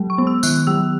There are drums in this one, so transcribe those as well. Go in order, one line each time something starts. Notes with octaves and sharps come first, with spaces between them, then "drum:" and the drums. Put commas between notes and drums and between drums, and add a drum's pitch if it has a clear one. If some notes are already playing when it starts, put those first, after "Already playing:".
Already playing: F#3 G#3
C#6
B3
E6
D#3 F#6, drum: tambourine
F#3 E6